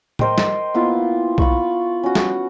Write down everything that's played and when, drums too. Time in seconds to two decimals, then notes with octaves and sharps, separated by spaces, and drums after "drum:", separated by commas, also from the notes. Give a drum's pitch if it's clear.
0.19 A#4 C5 D#5 G5, drum: tom A2
0.38 drum: snare
0.74 A#3 B3 E4 F4
1.38 F4 B5 C#6, drum: kick B1
2.03 C#4 F#4
2.15 drum: snare